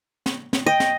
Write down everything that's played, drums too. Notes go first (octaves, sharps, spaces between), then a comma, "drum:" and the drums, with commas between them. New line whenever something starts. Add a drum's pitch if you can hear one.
drum: snare
drum: snare
D#5 G5
drum: snare